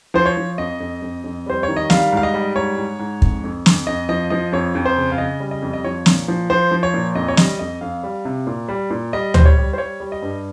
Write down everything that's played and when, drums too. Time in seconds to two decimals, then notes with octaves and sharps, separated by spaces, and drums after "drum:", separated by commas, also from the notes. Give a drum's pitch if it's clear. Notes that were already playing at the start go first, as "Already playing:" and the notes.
0.14 F3 C5
0.26 C#5
0.37 F3
0.58 F2 D#5
0.80 F2
1.02 F2
1.24 F2
1.46 G3 C5
1.63 C#5
1.68 D#3
1.76 D#5
1.90 G3 F5, drum: snare
2.12 G#2 F5
2.23 D#5
2.34 G3
2.56 G#2 C#5
2.77 G#2
2.99 G#2
3.22 F2, drum: kick
3.44 F2
3.66 F2, drum: snare
3.87 F2 D#5
4.09 F3 D#5
4.30 F3 D#5
4.52 F2 C#5
4.75 F2
4.85 C5
4.97 C#3
5.12 F5
5.18 C#3 D#5
5.40 G3
5.51 D#5
5.62 F2
5.73 D#5
5.84 F3 C#5
6.06 A#2, drum: snare
6.28 F3
6.50 F3 C5
6.71 F3
6.83 C#5
6.94 A#2
7.15 F2 D#5
7.28 C#5
7.37 G3 D#5, drum: snare
7.59 F2 D#5
7.81 F2 F5
8.04 G3
8.25 C3
8.47 A#2
8.69 G3
8.90 A#2
9.13 G3 D#5
9.34 G3 C5, drum: tom D2
9.46 C#5
9.57 G3
9.73 C5
9.78 G3 C#5
10.00 G3
10.12 D#5
10.22 G2